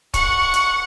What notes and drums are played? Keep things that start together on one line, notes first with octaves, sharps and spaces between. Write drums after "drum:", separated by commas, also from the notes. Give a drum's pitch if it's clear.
F#5 C#6, drum: kick C#1, hi-hat
drum: hi-hat